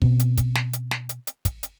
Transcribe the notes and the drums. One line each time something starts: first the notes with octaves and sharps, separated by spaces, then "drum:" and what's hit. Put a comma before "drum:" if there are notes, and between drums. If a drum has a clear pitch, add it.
B2 C4, drum: kick
drum: hi-hat
drum: kick, hi-hat
drum: snare
drum: hi-hat
drum: snare
drum: hi-hat
drum: hi-hat
drum: kick, hi-hat
drum: hi-hat